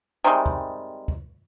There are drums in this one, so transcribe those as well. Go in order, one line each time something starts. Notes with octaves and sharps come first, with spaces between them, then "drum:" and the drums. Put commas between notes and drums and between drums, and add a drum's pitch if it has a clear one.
C3 D#3 G3 G#3
drum: kick
drum: kick